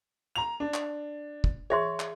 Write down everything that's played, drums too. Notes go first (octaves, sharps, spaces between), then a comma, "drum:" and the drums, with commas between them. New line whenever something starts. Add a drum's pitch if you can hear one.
A#5 F7
D4
drum: clap
drum: kick
G#4 C#5 E5 C6
drum: clap